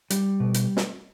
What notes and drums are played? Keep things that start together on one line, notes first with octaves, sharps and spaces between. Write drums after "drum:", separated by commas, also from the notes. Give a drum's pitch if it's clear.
G3, drum: hi-hat
B2
drum: hi-hat
drum: snare